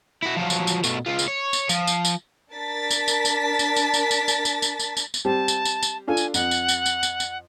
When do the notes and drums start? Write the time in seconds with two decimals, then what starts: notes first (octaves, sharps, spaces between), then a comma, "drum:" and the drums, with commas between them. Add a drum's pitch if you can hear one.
0.22 E4 F#4
0.36 F3 F#3
0.50 drum: tambourine
0.67 drum: tambourine
0.84 B2 A3, drum: tambourine
1.06 C#2 F4
1.19 drum: tambourine
1.28 C#5
1.53 drum: tambourine
1.69 F3, drum: tambourine
1.87 drum: tambourine
2.05 drum: tambourine
2.52 D4 A#4 A5 A6 B6
2.91 drum: tambourine
3.08 drum: tambourine
3.25 drum: tambourine
3.59 drum: tambourine
3.76 drum: tambourine
3.94 drum: tambourine
4.11 drum: tambourine
4.28 drum: tambourine
4.45 drum: tambourine
4.62 drum: tambourine
4.79 drum: tambourine
4.97 drum: tambourine
5.14 drum: tambourine
5.25 G3 C4 G4 A5
5.48 drum: tambourine
5.65 drum: tambourine
5.83 drum: tambourine
6.08 D4 F4 A4 G#5
6.17 drum: tambourine
6.34 F2 F#5, drum: tambourine
6.51 drum: tambourine
6.68 drum: tambourine
6.86 drum: tambourine
7.03 drum: tambourine
7.20 drum: tambourine